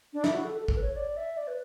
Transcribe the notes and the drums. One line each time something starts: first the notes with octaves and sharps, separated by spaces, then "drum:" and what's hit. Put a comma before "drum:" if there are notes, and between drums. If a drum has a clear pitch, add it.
D4
E4, drum: snare
F#4
A4
A4
A4, drum: kick G#1
B4
C#5
D5
E5
D5
B4